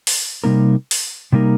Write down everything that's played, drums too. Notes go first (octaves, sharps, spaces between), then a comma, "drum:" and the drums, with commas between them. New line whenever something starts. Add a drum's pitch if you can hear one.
drum: open hi-hat
C3 G3 A#3 D#4 A#4
drum: open hi-hat
C3 G3 A#3 D#4 A#4